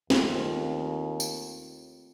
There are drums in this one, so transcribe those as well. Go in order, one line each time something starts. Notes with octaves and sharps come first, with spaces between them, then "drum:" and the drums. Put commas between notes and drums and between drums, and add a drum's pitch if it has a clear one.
D#2 A3 C4 F4, drum: snare
drum: tambourine